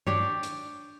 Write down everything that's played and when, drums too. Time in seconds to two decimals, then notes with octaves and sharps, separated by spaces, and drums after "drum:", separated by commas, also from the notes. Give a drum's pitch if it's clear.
0.07 D4 G4 C#5, drum: tom G2
0.43 drum: hi-hat